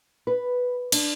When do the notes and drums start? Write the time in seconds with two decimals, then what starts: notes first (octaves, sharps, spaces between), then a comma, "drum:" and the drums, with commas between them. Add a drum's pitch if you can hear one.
0.27 B4
0.92 D4, drum: cymbal